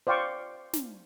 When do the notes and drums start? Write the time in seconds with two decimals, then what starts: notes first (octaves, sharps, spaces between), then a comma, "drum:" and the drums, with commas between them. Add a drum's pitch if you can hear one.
0.07 C5 D5 F5 G5 C#6
0.73 drum: snare